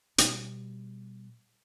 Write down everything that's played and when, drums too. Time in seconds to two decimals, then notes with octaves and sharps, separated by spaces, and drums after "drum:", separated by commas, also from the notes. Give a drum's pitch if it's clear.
0.18 B2 G3, drum: hi-hat